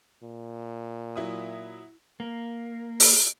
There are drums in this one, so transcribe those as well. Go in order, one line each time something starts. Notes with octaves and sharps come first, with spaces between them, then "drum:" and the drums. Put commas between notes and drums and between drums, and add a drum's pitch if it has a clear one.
A#2
F#3 E4 D#6
A#3
drum: open hi-hat